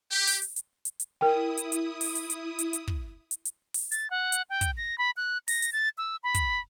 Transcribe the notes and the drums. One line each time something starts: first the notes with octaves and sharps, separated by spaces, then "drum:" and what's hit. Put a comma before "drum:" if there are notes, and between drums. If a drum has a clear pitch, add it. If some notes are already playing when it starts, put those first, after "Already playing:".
G4
drum: open hi-hat
drum: hi-hat
drum: hi-hat
drum: hi-hat
drum: hi-hat
E4 A#4 G5 D#6
drum: hi-hat
drum: hi-hat
drum: open hi-hat
drum: hi-hat
drum: hi-hat
drum: hi-hat
drum: hi-hat
drum: kick
drum: hi-hat
drum: hi-hat
drum: open hi-hat
A6, drum: hi-hat
F#5
drum: hi-hat
G5
drum: kick, hi-hat
A#6
B5
F#6
A#6, drum: open hi-hat
drum: hi-hat
A6
E6
B5
drum: kick, hi-hat